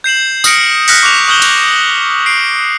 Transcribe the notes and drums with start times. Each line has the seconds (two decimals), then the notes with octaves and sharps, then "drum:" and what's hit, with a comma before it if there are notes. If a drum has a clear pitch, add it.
0.04 G6 C7 E7 F#7
0.44 D#6 F6 A#6 C#7 D7, drum: tambourine
0.88 F6 F#6 A#6 B6 C#7, drum: open hi-hat
1.03 C#6 D6 F#6 F7
1.28 C#6 D#6 F6 G6 F#7 G7
1.42 drum: cymbal
2.26 C7 D7